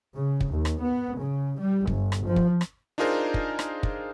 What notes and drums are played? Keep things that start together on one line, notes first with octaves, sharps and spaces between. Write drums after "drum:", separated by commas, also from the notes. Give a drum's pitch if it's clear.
C#3
drum: kick
D#2
drum: rim click
B3
C#3
G3
G1, drum: kick
drum: rim click
F3
drum: kick
drum: rim click
D4 D#4 F4 G#4 A#4 C5
drum: kick
drum: rim click
drum: kick